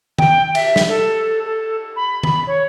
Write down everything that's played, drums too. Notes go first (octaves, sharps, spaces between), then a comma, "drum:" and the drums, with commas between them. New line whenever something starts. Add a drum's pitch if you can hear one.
G5, drum: tom
E5, drum: cymbal
drum: snare
A4
A4
B5
B5, drum: tom
C#5